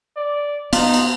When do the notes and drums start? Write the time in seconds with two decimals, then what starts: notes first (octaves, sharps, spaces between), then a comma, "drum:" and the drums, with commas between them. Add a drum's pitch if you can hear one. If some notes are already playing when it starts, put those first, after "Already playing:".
0.17 D5
0.73 B3 D#4 F4, drum: cymbal
0.94 drum: cymbal